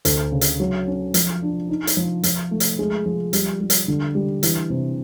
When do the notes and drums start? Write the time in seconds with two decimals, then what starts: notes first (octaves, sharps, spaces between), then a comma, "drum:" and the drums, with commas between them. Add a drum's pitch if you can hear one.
0.05 D2, drum: hi-hat
0.32 C#3
0.41 drum: hi-hat
0.60 F#3
0.87 C#4
1.14 F3, drum: hi-hat
1.42 D4
1.69 D#4
1.87 drum: hi-hat
1.97 F3
2.23 F3, drum: hi-hat
2.51 A3
2.60 drum: hi-hat
2.79 G#3
3.06 F3
3.33 G3, drum: hi-hat
3.61 G3
3.70 drum: hi-hat
3.88 D3
4.15 G3
4.43 E3, drum: hi-hat
4.70 C3